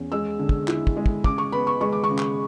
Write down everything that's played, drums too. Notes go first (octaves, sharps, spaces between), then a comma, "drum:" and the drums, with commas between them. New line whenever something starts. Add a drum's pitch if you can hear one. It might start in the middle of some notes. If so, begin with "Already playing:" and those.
Already playing: E2 C#4
G#3 E6
D3
drum: kick
E4, drum: clap
drum: kick
G#3
drum: kick
C#3 D6, drum: kick
C#6
B3 B5
C#6
G#3 C#6
D6
C#6
C#3
drum: clap